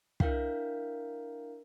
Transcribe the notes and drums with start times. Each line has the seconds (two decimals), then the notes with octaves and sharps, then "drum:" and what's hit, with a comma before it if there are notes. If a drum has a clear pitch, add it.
0.20 D4 E4 A#4 F5 G5, drum: kick